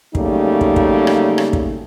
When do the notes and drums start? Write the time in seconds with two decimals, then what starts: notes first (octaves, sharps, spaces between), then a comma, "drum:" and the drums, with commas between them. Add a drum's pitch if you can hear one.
0.15 C#3 F#3 G3 A3 A#3 D#4, drum: kick
0.61 drum: kick
0.76 drum: kick
1.07 drum: rim click
1.38 drum: rim click
1.53 drum: kick